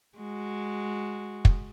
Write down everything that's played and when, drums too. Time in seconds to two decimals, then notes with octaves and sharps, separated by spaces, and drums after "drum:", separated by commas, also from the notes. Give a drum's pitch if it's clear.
0.18 G#3 F#4
1.45 drum: kick